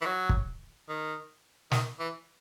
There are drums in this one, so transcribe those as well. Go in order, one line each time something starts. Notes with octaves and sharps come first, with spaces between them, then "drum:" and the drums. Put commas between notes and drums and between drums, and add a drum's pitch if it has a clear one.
E3
F#3
drum: kick
D#3
D#3, drum: snare
E3